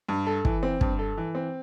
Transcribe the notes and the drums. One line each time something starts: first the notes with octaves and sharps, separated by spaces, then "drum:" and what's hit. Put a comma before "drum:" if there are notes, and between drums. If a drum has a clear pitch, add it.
G2
A4
E3, drum: kick
C4
G2, drum: kick
A4
E3
C4